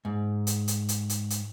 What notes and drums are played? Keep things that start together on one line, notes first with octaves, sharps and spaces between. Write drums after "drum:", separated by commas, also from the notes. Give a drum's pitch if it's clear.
G#2
drum: hi-hat
drum: hi-hat
drum: hi-hat
drum: hi-hat
drum: hi-hat